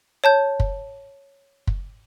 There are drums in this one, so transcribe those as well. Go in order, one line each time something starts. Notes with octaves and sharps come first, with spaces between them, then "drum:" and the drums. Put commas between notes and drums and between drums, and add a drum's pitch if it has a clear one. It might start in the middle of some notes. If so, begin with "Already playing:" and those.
C#5 A5 G6
drum: kick
drum: kick